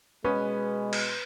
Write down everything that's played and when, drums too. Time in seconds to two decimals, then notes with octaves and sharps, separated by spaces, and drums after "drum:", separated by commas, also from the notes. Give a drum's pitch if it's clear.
0.24 B2 G#3 B3 C#4 B4
0.93 drum: cymbal